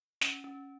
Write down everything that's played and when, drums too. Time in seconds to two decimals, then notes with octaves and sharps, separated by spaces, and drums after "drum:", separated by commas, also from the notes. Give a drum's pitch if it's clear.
0.21 C#4, drum: snare
0.44 C#4